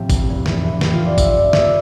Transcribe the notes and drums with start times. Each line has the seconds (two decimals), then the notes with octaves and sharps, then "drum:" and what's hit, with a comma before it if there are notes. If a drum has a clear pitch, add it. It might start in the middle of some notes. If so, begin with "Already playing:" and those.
Already playing: A1 A2 C3 F3 C4 G4
0.10 E1, drum: kick A1, tambourine
0.28 E2
0.46 F1, drum: snare
0.64 E3
0.81 F1 G4, drum: snare
0.93 F4
1.00 F1
1.06 D5
1.18 G2 E5, drum: kick A1, tambourine
1.30 D5
1.36 A3
1.42 E5
1.53 G2 E5, drum: snare